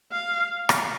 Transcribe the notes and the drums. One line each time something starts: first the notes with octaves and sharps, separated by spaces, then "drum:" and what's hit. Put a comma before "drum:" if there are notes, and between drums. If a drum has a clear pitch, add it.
F5
drum: rim click